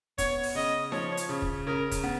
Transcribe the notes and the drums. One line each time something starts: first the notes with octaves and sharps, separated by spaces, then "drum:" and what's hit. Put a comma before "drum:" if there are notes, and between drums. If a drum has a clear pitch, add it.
B3 C#5, drum: kick, hi-hat
drum: open hi-hat
C#3 D#5
F3 C#5, drum: snare D#4
drum: hi-hat
C#3
drum: kick
C#3 A#4
drum: kick, hi-hat
B3